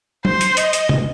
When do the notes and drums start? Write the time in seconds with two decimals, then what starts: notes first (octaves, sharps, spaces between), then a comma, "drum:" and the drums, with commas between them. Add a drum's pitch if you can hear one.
0.25 C5, drum: tom F#3
0.41 drum: hi-hat
0.57 D#5, drum: hi-hat
0.73 drum: hi-hat
0.89 drum: tom C3